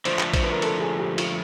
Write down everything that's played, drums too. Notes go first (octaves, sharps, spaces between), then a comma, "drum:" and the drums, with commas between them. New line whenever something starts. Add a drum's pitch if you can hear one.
D3 F3 A3 C5, drum: cymbal
drum: clap
C5, drum: kick A#1, cymbal
B4
A#4
A4, drum: cymbal
G#4
G4
F4, drum: cymbal